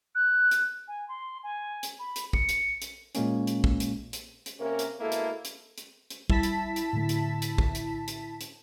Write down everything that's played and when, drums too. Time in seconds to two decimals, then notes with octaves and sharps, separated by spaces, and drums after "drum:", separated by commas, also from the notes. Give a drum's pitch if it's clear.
0.15 F#6
0.51 drum: hi-hat
0.88 G#5
1.08 C6
1.43 G#5
1.83 drum: hi-hat
1.99 B5
2.16 drum: hi-hat
2.33 C#7, drum: kick
2.49 drum: hi-hat
2.82 drum: hi-hat
3.15 A#2 G#3 A#3 C#4, drum: hi-hat
3.47 drum: hi-hat
3.64 drum: kick
3.80 drum: hi-hat
4.13 drum: hi-hat
4.46 drum: hi-hat
4.60 C3 A#3 C#4 A#4
4.79 drum: hi-hat
5.00 B2 G#3 A#3 E4 A4
5.12 drum: hi-hat
5.45 drum: hi-hat
5.78 drum: hi-hat
6.10 drum: hi-hat
6.30 G3 E4 A5 B6, drum: kick
6.43 drum: hi-hat
6.76 drum: hi-hat
6.93 A2 D3 A3
7.09 drum: hi-hat
7.42 drum: hi-hat
7.58 drum: kick
7.75 drum: hi-hat
8.08 drum: hi-hat
8.41 drum: hi-hat